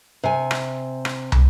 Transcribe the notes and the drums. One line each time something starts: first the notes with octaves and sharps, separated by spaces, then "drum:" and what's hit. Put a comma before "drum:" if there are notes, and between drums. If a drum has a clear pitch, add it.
C3 G#5
drum: rim click
drum: rim click
drum: tom